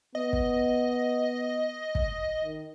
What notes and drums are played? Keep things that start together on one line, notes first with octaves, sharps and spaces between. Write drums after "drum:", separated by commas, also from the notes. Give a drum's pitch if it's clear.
B3 D#5
drum: kick
drum: kick
D#3